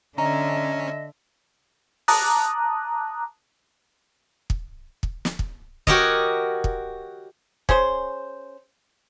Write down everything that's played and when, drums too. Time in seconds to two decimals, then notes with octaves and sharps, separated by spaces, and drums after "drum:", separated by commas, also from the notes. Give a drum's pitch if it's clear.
0.18 D3 C#4 D#5 E5 A#5
2.08 A5 A#5 D6 D#6 F#6, drum: open hi-hat
4.50 drum: kick
5.03 drum: kick
5.25 drum: snare
5.39 drum: kick
5.87 F#4 G4 A#4 C#5 D#5, drum: kick
6.64 drum: kick
7.69 C#4 G#4 C5, drum: kick